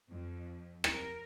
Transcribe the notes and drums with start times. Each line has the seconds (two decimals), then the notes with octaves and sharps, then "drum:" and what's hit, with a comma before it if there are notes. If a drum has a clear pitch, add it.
0.11 F2
0.84 A#4, drum: rim click